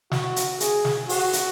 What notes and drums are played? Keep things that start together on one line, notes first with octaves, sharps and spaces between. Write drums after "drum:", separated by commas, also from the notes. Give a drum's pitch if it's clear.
F#4, drum: snare
drum: hi-hat
G#4, drum: hi-hat
drum: snare
F#4, drum: open hi-hat
drum: hi-hat